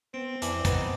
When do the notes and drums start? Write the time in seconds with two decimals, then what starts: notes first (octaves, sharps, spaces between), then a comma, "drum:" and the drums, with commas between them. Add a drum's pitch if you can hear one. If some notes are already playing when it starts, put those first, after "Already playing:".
0.14 B3 C4 D7
0.42 F2 E3 D5 A5 D6 F#7, drum: hi-hat
0.65 F2 B3 D#4, drum: kick, hi-hat